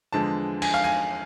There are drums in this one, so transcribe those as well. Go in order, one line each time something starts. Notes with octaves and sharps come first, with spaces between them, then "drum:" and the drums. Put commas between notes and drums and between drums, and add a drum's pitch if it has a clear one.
E2 D3 F3 G#3 A5
G#5, drum: cymbal
F5
G#5